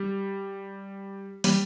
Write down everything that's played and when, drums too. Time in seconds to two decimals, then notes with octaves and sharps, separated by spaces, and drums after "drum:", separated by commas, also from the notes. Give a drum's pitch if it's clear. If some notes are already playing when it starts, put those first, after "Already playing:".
Already playing: G3
1.44 G3, drum: open hi-hat